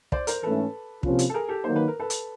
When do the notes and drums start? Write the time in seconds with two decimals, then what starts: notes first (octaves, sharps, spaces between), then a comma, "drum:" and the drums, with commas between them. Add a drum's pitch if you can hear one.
0.12 C5 D5, drum: kick
0.27 A#4 C5, drum: hi-hat
0.42 G#2 E3 A3 C#4 A4 B4
1.03 C3 F3 A#3 C#4 F4, drum: kick
1.19 drum: hi-hat
1.30 A4
1.34 G#4 A#4
1.48 G4 A4
1.64 D#3 F#3 A#3 D#4 C5
1.76 B4
1.88 A#4
2.00 A4 B4
2.10 drum: hi-hat